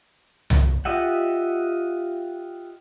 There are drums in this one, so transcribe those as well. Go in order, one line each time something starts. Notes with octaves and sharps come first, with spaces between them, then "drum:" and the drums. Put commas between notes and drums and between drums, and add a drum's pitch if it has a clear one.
drum: tom C2
F4 G4 D#5 E5 F#5